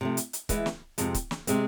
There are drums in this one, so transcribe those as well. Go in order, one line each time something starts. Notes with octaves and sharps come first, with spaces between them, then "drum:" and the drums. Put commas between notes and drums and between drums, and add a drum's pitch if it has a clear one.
C3 F3 A3
drum: hi-hat
drum: hi-hat
E3 G#3 B3, drum: kick C#1, hi-hat
drum: snare
F2 C3 G#3, drum: hi-hat
drum: kick C#1, hi-hat
drum: snare
C3 G#3 C4, drum: hi-hat